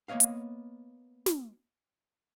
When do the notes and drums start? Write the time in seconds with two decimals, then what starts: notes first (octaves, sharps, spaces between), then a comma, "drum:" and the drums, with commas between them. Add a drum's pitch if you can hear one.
0.08 A#3 B3 C#5 D#5 F5
0.20 drum: hi-hat
1.26 drum: snare